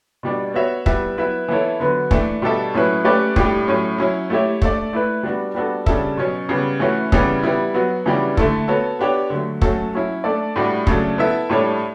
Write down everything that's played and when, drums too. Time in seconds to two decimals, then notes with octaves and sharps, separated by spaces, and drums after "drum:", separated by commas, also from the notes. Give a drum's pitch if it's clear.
0.23 B2 G3 D4
0.54 B3 F#4 C#5 E5
0.86 G3 B3 E4 B4 E5, drum: kick
1.17 F#3 B3 E4 B4 E5
1.49 E3 B3 E4 A4 C#5
1.80 D3 F#3 B3 F#4 B4
2.11 E3 A3 D4, drum: kick
2.42 B2 G3 D4 A4 E5
2.74 A2 F#3 C#4 E4 B4
3.05 A3 C#4 G4 B4 D5
3.36 A2 G3 D4 G4, drum: kick
3.68 A2 F#3 C#4
3.98 F#3 C#4 E4
4.30 A3 E4 G4 C#5 E5
4.62 A3 D4 A4 D5, drum: kick
4.93 A3 E4 B4
5.23 G3 B3 D4 F#4
5.55 G3 B3 D4 F#4 A4
5.86 C#3 G3 D4 A4 E5, drum: kick
6.17 B2 F#3 C#4
6.49 C#3 G3 B3
6.80 E3 A3 C#4 F#4 B4
7.12 C#3 E3 G3 B3, drum: kick
7.43 G3 B3 E4
7.74 F#3 B3 F#4
8.06 C#3 E3 G3 D4 F#4
8.37 D3 A3 E4 A4, drum: kick
8.68 B3 F#4 A4 C#5
8.99 B3 D4 G4 C#5
9.30 D3 F#3 A3
9.62 F#3 A3 C#4 F#4 A4, drum: kick
9.93 F#3 C#4 E4
10.24 A3 D4 A4 D5
10.56 A2 G3 D4 F#4
10.87 C#3 F#3 A3 D4 A4, drum: kick
11.18 B3 E4 A4 E5
11.50 A2 G3 D4 A4 C#5